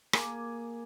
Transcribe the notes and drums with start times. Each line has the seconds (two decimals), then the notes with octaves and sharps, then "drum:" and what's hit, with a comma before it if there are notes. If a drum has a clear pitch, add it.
0.13 A#3 G#4 D6, drum: rim click